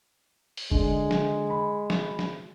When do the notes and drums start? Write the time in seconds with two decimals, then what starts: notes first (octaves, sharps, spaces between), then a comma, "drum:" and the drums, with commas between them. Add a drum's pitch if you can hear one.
0.57 drum: open hi-hat
0.72 D3 G#3, drum: kick F#1
1.11 drum: snare
1.50 B5
1.90 drum: snare
2.19 drum: snare